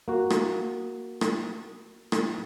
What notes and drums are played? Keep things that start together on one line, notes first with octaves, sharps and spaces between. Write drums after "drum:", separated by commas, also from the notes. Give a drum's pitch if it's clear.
A#3 F#4
drum: rim click
drum: rim click
drum: rim click